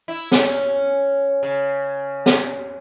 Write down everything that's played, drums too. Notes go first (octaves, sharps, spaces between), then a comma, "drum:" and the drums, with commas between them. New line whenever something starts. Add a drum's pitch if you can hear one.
E4
C#4, drum: snare
C#3
drum: snare